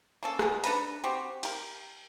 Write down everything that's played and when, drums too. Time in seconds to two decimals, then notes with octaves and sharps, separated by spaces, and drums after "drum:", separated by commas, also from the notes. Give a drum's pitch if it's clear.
0.23 A#3 C#4 A4
0.39 B2 G#4 A#4, drum: rim click
0.64 D4 A4 B4 A#5, drum: hi-hat
1.04 C4 F#4 G4
1.43 G4 A#4, drum: cymbal